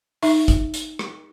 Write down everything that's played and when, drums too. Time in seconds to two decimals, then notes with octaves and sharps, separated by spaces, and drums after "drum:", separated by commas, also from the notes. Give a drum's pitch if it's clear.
0.22 D#4 E5 C#6, drum: open hi-hat
0.48 drum: kick G1, hi-hat
0.74 drum: hi-hat
0.99 drum: rim click